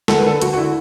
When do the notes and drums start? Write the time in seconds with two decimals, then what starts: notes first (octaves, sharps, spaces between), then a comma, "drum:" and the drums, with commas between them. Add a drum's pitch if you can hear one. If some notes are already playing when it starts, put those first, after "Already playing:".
0.08 D2 A4, drum: snare
0.18 B4
0.25 D3 A4
0.42 D2 F#4, drum: hi-hat
0.53 F#4
0.57 D3 E4